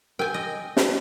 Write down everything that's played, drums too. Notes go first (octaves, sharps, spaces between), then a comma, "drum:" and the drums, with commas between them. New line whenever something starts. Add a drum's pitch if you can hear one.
A#4 G5 G#5
D#5
C#4 C#5, drum: snare